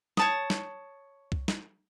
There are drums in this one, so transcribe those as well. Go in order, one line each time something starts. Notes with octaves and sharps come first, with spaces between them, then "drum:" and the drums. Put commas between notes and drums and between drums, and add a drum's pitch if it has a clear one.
C#5 A5 D#6, drum: snare
drum: snare
drum: kick C2
drum: snare